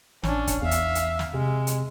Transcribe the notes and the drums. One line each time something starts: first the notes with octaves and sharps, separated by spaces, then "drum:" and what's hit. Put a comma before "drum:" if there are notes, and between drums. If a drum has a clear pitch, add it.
A1 C#4 D4, drum: snare
drum: kick, hi-hat
E2 E5 F5
drum: hi-hat
drum: hi-hat
drum: snare
C3 G#3
drum: hi-hat